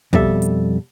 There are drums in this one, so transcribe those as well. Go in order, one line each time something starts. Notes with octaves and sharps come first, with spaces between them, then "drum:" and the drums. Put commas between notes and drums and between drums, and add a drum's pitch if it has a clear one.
F2 B2 G3 A4 E5, drum: kick
drum: hi-hat